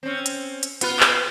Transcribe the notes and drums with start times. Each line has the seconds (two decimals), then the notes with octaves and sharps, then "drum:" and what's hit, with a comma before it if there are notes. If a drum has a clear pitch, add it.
0.03 C4 C#4
0.26 drum: hi-hat
0.63 drum: hi-hat
0.81 B3 F4 B4, drum: hi-hat
1.00 drum: clap